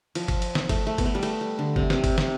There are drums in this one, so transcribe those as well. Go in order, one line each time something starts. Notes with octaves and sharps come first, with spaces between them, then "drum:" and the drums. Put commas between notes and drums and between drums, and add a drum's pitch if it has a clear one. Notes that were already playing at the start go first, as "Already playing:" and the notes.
F3, drum: cymbal
drum: kick, cymbal
drum: cymbal
drum: snare
A3, drum: kick, cymbal
A3
B3, drum: kick, cymbal
A3
G3
A3, drum: cymbal
G3
D3
C3, drum: kick
C3, drum: snare
drum: kick, cymbal
C3, drum: snare